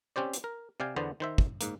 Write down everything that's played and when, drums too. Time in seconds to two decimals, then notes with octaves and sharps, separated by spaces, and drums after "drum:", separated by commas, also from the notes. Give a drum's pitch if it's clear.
0.16 C4 C#4 G4 C5 D5
0.33 drum: hi-hat
0.44 A#4
0.80 C3 D5 F5 G5 G#5
0.96 E2 D3 B3 C5 D5
1.20 D#3 C5 E5
1.38 drum: kick
1.61 G#2 A#3, drum: hi-hat